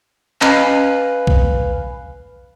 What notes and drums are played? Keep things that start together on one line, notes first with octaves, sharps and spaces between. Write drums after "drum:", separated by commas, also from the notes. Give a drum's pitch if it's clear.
C#4 B4 D#5 F5 G#5, drum: clap
drum: kick B1